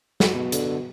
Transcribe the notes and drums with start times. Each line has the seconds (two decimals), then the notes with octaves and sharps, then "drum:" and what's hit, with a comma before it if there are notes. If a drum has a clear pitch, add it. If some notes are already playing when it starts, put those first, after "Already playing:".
0.20 F#3, drum: snare
0.34 B2
0.52 D3, drum: hi-hat